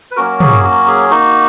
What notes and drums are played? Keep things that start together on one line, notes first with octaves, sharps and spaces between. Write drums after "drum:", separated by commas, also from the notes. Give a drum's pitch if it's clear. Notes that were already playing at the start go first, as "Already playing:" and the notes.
B4
F#3 A#3 C#4 F#4 A#4
G#4, drum: tom
F#4
G#4
A#3 D#4 F#4